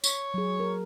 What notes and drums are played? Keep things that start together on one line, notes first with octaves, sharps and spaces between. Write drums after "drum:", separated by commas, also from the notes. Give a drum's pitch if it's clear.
C#5, drum: tambourine
F#3 G#4
A#4